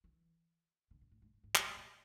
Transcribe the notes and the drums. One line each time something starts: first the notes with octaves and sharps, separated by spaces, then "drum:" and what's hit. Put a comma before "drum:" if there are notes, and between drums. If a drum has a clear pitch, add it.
E3
D3
A#2
A2
G#2
G2
G#2
A2, drum: clap
A2
A#2